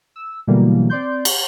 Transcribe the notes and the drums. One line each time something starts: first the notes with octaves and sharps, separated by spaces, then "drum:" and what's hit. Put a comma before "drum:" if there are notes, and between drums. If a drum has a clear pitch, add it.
E6
B2 D3 E3 F#3 G3 A#3
C4 D5 C6 G6
drum: cymbal